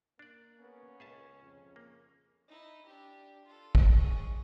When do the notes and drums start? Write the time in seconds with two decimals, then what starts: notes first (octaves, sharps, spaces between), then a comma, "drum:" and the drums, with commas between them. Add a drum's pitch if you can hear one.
0.19 A#3 D4 D5
0.59 B3 C#4
1.00 C#2 G#4 E5 A5
1.42 F2 C#3
1.76 A#3
2.48 D#4 E4
2.85 D4 G4
3.45 F4 A4
3.75 drum: kick
3.94 G#4 C#6